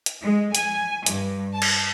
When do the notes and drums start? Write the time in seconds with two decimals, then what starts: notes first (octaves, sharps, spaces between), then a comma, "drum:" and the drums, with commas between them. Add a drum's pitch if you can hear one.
0.06 drum: hi-hat
0.22 G#3
0.55 G#5, drum: hi-hat
1.06 G2, drum: hi-hat
1.52 A5
1.62 drum: cymbal